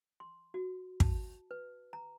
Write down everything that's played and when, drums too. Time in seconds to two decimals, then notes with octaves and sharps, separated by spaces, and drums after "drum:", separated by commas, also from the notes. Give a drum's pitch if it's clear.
0.20 C6
0.54 F#4
1.00 A5, drum: kick
1.51 B4
1.93 A#5